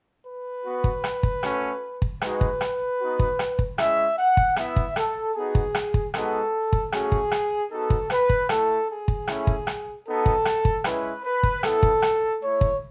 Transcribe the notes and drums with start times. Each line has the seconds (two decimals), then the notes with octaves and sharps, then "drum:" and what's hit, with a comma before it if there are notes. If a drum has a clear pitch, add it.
0.25 B4
0.65 B3 F#4
0.84 drum: kick
1.04 drum: rim click
1.23 drum: kick
1.43 A3 C#4 F#4, drum: rim click
2.02 drum: kick
2.21 G#3 D#4 F#4 B4, drum: rim click
2.41 drum: kick
2.61 drum: rim click
3.00 B3 D#4 F#4
3.19 drum: kick
3.39 drum: rim click
3.59 drum: kick
3.78 G#3 C#4 E4 E5, drum: rim click
4.17 F#5
4.37 drum: kick
4.56 B3 E4 E5, drum: rim click
4.76 drum: kick
4.96 A4, drum: rim click
5.35 B3 D#4 F#4 G#4
5.55 drum: kick
5.74 drum: rim click
5.94 drum: kick
6.14 G#3 B3 D#4 F#4 A4, drum: rim click
6.73 drum: kick
6.92 A3 C#4 F#4 G#4, drum: rim click
7.12 drum: kick
7.31 drum: rim click
7.71 B3 D#4 F#4 A4
7.90 drum: kick
8.10 B4, drum: rim click
8.30 drum: kick
8.49 A3 E4 A4, drum: rim click
8.89 G#4
9.08 drum: kick
9.27 A3 C#4 E4, drum: rim click
9.47 drum: kick
9.67 drum: rim click
10.06 B3 D#4 F#4 A4
10.26 drum: kick
10.45 drum: rim click
10.65 drum: kick
10.84 G#3 C#4 E4 B4, drum: rim click
11.24 B4
11.43 drum: kick
11.63 B3 E4 A4, drum: rim click
11.83 drum: kick
12.02 drum: rim click
12.41 A3 E4 C#5
12.61 drum: kick